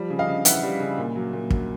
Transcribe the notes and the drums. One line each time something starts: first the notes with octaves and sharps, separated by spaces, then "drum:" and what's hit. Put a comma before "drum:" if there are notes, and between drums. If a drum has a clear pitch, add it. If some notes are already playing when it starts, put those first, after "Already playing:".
Already playing: F3 G3
C#3
D#5 F5
C#3
E3 E5 F#5, drum: hi-hat
G3
C#3
A#2
F#3
A#2
F#3, drum: kick